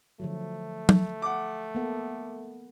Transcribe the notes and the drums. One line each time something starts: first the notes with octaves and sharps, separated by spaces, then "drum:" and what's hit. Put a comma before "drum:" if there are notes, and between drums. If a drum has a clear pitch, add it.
D3 F3 F#3 A3
drum: tom
F#5 D6
A#3 B3 A4